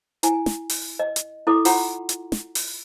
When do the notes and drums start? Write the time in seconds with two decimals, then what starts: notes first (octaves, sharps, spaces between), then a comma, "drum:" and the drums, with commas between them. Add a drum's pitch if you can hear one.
0.23 E4 G#5, drum: hi-hat
0.46 drum: snare
0.69 drum: open hi-hat
0.99 D#5
1.16 drum: hi-hat
1.47 E4 A4 D6
1.65 F4 F#5 A#5 C6, drum: open hi-hat
2.09 drum: hi-hat
2.32 drum: snare
2.55 drum: open hi-hat